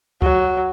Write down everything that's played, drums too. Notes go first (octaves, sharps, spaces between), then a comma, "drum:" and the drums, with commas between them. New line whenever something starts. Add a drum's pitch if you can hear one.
F#3, drum: kick C#2